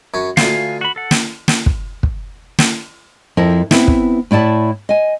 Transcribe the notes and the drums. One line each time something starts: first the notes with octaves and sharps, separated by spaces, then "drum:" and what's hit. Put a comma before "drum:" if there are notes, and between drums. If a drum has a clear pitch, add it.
F#2 C#4
D2 F4 F5 G#5, drum: snare
F#4 B5
A4 F#5
drum: snare
drum: snare
drum: kick
drum: kick
drum: snare
F2 F3 E4 A#4
B3 C4 E4, drum: snare
drum: kick
A2 E4 D5 A5
D#5 G#5